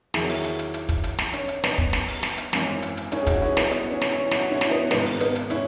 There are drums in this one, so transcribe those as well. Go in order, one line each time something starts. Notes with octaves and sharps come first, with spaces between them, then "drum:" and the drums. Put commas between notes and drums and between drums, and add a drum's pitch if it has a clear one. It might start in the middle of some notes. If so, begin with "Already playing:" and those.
E2 D#3 F#3 E4 G#4, drum: snare
drum: open hi-hat
drum: hi-hat
drum: hi-hat
drum: hi-hat
drum: kick, hi-hat
drum: hi-hat
drum: snare
C#4, drum: hi-hat
drum: hi-hat
B3 D#4, drum: snare
drum: kick
drum: snare
drum: open hi-hat
drum: snare
drum: hi-hat
G#1 F#2 E3, drum: snare
drum: hi-hat
drum: hi-hat
C#4 E4, drum: hi-hat
G#4
D#4 F#4, drum: kick, hi-hat
C#4 E4
B3 D#4, drum: snare
B3, drum: hi-hat
C#4
drum: snare
C#4 E4
D#4 F#4, drum: snare
C#4 E4
drum: snare
B3 D#4
G#1 G#2 D#3 B3 D#4, drum: snare
drum: open hi-hat
B3 D#4, drum: hi-hat
drum: hi-hat
C#4 E4, drum: hi-hat